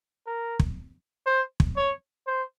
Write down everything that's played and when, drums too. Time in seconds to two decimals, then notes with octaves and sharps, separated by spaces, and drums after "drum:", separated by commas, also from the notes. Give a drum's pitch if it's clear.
0.26 A#4
0.60 drum: kick
1.26 C5
1.60 drum: kick
1.76 C#5
2.27 C5